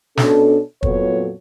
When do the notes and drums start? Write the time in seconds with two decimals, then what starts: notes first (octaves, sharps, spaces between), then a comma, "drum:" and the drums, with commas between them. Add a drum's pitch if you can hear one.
0.17 B2 C#4 D4 A4, drum: snare
0.83 F2 A#2 F#3 B3 A4 C#5, drum: kick